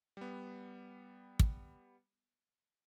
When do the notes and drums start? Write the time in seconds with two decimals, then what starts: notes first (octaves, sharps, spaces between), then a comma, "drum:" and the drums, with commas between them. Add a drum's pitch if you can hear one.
0.17 G3 B3
1.39 drum: kick